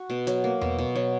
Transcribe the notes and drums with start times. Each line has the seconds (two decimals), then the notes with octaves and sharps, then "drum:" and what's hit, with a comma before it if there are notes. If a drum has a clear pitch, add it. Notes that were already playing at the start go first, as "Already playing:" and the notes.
Already playing: F#4
0.10 B2
0.27 F#3, drum: hi-hat
0.44 A#3
0.61 B2, drum: tom E2
0.79 B2
0.95 F#3